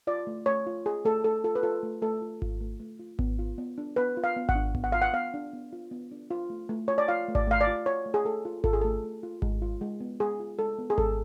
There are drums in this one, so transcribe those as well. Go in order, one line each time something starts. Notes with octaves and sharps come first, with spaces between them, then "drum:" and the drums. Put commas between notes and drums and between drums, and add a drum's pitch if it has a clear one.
F4 D5
A3
A3 C#5
F4
F4 G#4
A3 A4
A3 A4
F4 A4
B4
F4 A4
A3
A3 A4
F4
F4, drum: kick G#1
A3
A3
F4
B3, drum: kick G#1
F4
B3
D4
B3 B4
F4
F5
B3
F#5, drum: kick G#1
D4
B3, drum: kick G#1
F#5
F4 F5
F#5
B3 F5
D4
B3
F4
B3
D4
F4
A3
A3
F4 C#5
D5
F4 F5
A3
D5, drum: kick G#1
A3 F5
D5
F4
F4 C#5
A3
G#4
A3 A4
F4
F4 A4, drum: kick G#1
G#4
A3 A4
A3
F4
G#3, drum: kick G#1
F4
G#3
B3
G#3 G#4
F4
G#3 A4
B3
G#4
G#3 A4, drum: kick G#1